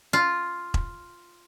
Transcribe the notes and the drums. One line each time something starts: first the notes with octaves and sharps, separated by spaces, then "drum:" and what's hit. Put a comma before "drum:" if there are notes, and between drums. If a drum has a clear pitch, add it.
F4
drum: kick E1